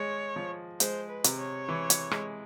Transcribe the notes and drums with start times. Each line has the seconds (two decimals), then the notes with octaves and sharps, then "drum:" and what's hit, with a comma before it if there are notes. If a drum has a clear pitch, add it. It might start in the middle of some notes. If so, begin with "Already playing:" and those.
Already playing: G#3 C#5
0.36 F3
0.80 G#3 C5, drum: hi-hat
1.10 B4
1.24 C3, drum: hi-hat
1.38 C#5
1.69 E3
1.90 drum: hi-hat
2.11 G#3, drum: rim click